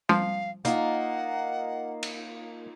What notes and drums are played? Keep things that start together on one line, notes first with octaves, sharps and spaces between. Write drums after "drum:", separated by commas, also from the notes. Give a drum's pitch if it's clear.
F3 F5, drum: tom G3
A#3 D#4 F4 F#5, drum: hi-hat
drum: cymbal